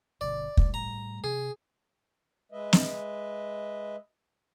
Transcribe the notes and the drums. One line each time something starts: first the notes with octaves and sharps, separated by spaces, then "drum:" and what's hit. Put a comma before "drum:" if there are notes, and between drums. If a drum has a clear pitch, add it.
G1 B2 D3 D5
A2 G3 A3, drum: kick
A#5
C3 G#4
G#3 B4 D#5 E5
drum: snare